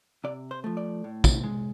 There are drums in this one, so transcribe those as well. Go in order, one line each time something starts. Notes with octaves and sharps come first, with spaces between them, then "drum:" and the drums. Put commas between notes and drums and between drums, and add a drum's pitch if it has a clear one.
C3 D5
C5
F3 A3
D5
A2
drum: kick, tambourine
G#3